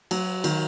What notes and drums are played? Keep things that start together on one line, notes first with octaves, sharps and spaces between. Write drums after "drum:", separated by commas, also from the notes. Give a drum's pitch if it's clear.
F#3, drum: cymbal
D#3, drum: cymbal